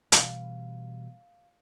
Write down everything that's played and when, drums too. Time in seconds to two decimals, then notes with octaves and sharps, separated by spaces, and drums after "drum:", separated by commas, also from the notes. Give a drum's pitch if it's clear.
0.12 B2 E3 G3 F5, drum: hi-hat